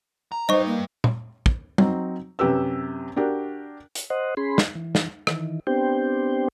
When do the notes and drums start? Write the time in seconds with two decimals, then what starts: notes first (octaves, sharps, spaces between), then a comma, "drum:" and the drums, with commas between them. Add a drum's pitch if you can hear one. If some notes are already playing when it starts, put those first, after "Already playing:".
0.32 A#5
0.49 G3 D#4 B4 C5 D#5 C#6
0.67 A#3
1.04 drum: tom
1.46 drum: kick
1.78 F#3 C4 D#4, drum: tom
2.39 F#2 C3 G4 B4 E6
3.16 D4 F#4 G4 A#4
3.95 drum: hi-hat
4.10 C5 D#5 F#5
4.37 C#4 G#4 B5 C6
4.58 drum: snare
4.75 E3
4.95 drum: snare
5.27 D#3 E3, drum: rim click
5.67 B3 C4 D4 G4 C5 G5